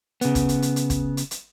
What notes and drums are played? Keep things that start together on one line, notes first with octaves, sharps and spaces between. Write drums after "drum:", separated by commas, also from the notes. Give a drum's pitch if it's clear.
C#3 B3, drum: hi-hat
drum: kick, hi-hat
drum: hi-hat
drum: hi-hat
drum: hi-hat
drum: kick, hi-hat
drum: hi-hat
drum: hi-hat